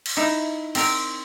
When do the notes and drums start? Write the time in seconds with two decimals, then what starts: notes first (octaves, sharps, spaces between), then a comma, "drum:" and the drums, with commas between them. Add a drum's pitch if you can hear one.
0.06 drum: cymbal
0.17 D#4 E4
0.75 C4 A#4 G5, drum: cymbal